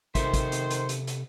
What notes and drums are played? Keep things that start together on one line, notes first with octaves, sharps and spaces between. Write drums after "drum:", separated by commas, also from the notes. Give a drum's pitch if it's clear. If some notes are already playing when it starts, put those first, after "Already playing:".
C3 D#3 A4 C5 E5, drum: kick, hi-hat
drum: kick, hi-hat
drum: hi-hat
drum: hi-hat
drum: hi-hat
drum: hi-hat